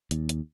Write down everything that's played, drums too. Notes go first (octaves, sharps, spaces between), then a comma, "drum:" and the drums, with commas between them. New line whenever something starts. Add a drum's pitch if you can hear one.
D#2, drum: hi-hat
drum: hi-hat